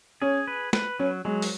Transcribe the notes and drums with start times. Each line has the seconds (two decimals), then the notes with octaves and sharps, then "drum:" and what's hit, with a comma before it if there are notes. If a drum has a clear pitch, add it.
0.22 C#4 G#4
0.48 B4
0.73 B4, drum: snare
0.99 F#3 C#4
1.25 F#3 G#3
1.42 drum: open hi-hat